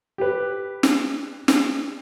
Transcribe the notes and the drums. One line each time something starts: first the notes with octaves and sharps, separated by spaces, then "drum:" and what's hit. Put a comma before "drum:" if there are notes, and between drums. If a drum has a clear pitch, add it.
G4 B4
drum: snare
drum: snare